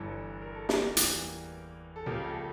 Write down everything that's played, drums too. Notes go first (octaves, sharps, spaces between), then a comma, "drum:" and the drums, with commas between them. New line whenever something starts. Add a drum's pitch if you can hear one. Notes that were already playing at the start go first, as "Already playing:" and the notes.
Already playing: G1 G2 E3 A4
A#4
A4
G4 A#4, drum: snare
E2 E3 G3 A#3, drum: hi-hat
A4
C#2 C#3 F3 A#3 G4 A#4
A4
A4